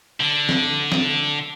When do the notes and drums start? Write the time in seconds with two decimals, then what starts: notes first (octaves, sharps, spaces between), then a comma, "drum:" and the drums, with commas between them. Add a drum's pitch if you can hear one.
0.20 D3
0.49 drum: snare
0.92 drum: snare